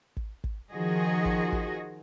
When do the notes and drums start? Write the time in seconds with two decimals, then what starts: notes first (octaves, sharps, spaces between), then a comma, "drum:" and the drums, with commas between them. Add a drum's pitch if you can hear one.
0.17 drum: kick
0.44 drum: kick
0.71 D#3 F3 F#4 G#4 D#5
1.25 drum: kick
1.52 drum: kick